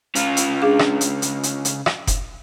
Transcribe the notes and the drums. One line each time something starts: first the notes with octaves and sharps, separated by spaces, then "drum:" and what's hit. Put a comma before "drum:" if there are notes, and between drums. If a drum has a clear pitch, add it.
C#3 F4, drum: hi-hat
drum: hi-hat
D4 G#4 F5
drum: rim click
drum: hi-hat
drum: hi-hat
drum: hi-hat
drum: hi-hat
drum: rim click
drum: kick F1, hi-hat